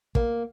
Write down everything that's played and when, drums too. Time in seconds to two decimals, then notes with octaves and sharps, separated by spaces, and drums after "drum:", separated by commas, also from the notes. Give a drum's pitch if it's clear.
0.15 A#3, drum: kick